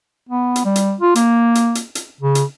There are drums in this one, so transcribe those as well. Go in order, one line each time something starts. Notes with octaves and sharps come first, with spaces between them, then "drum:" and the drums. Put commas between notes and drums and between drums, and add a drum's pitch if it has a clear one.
B3
drum: hi-hat
G3
drum: hi-hat
F4
A#3, drum: hi-hat
drum: hi-hat
drum: hi-hat
drum: hi-hat
C#3
drum: hi-hat